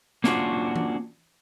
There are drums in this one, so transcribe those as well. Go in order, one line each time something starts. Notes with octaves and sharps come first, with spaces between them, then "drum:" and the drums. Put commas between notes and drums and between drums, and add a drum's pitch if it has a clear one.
A#3 C#4 D4 F4 F#4, drum: snare
drum: tom E3